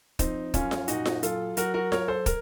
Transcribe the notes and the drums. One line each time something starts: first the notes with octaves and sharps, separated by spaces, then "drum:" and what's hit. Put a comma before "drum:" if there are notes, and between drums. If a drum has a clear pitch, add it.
F3 C4 D#4, drum: kick, hi-hat
F#2 C#4 F4, drum: kick, hi-hat
drum: snare F4
A#2 D#4 F#4, drum: hi-hat
drum: snare F4
F#3 F4 A4, drum: hi-hat
F#3 F#4 A#4, drum: hi-hat
F#4 A#4
F#3 A#4 C#5, drum: snare F4
A4 C5
A#4, drum: kick, hi-hat